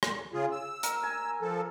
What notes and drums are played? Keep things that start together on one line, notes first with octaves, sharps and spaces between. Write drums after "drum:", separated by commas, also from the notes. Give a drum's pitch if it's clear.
drum: rim click
C#3 F4 G#4
E6
A#4, drum: hi-hat
G#5
F3 A4